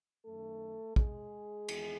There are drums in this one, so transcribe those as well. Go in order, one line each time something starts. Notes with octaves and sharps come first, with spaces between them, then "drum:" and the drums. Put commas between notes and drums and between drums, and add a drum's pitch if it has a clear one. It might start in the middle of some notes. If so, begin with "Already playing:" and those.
F#2 D#3 A3 A4
G#3 G#4, drum: kick
E2 D#3, drum: cymbal